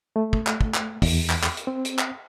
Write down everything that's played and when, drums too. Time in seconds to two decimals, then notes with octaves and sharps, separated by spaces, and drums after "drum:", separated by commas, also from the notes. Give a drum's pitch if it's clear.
0.16 A3
0.33 drum: kick
0.47 drum: clap
0.61 drum: kick
0.74 drum: clap
1.02 E2, drum: kick, open hi-hat
1.30 drum: clap
1.43 drum: clap
1.57 drum: hi-hat
1.67 C4
1.85 drum: hi-hat
1.99 drum: clap